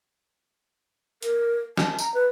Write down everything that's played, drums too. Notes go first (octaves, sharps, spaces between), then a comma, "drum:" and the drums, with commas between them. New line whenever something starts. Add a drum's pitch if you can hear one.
A#4, drum: hi-hat
A5, drum: snare
A#5, drum: tambourine
B4